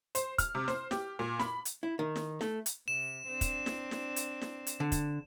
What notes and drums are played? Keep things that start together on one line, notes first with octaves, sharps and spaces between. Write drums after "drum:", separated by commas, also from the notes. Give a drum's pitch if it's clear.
C5, drum: hi-hat
F6, drum: kick, hi-hat
C3
C5, drum: snare
G4, drum: snare
A#2
B5, drum: snare
drum: hi-hat
E4
D#3
drum: snare
A3, drum: snare
drum: hi-hat
C3 E7
C4 D4
drum: kick, hi-hat
drum: snare
drum: snare
drum: hi-hat
drum: snare
drum: hi-hat
D3
drum: kick, hi-hat